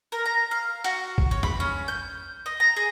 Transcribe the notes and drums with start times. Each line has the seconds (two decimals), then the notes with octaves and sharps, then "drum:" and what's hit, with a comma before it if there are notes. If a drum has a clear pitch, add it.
0.12 A#4
0.26 A#5
0.51 F5
0.84 F#4, drum: hi-hat
1.18 drum: kick G#1
1.31 C#5
1.43 B5, drum: tom F2
1.60 C#4
1.88 G6
2.46 D#5
2.60 A#5
2.76 G#4